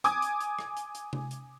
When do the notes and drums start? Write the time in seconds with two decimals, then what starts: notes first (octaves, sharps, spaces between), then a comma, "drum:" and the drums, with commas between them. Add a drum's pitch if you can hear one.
0.04 G#5 D6 D#6 G#6, drum: hi-hat
0.22 drum: hi-hat
0.40 drum: hi-hat
0.59 drum: rim click
0.77 drum: hi-hat
0.95 drum: hi-hat
1.13 drum: tom C3
1.31 drum: hi-hat